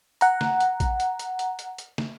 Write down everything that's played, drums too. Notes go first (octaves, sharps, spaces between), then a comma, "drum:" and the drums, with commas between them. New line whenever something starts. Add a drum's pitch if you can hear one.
F#5 A#5, drum: hi-hat
drum: snare
drum: hi-hat
drum: kick A1, hi-hat
drum: hi-hat
drum: hi-hat
drum: hi-hat
drum: hi-hat
drum: hi-hat
drum: snare